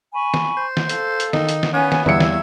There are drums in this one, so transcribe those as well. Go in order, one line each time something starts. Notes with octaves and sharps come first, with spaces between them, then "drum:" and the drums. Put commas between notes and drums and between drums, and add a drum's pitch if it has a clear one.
G#5 B5 C#6
drum: snare
C5
drum: snare
A4 F5, drum: hi-hat
drum: hi-hat
D#3 D#4, drum: snare
drum: hi-hat
drum: snare
B3 C#4 F5 G#5
drum: snare
E2 G3 E5 F5 E6 G#6 C#7, drum: tom D3
drum: snare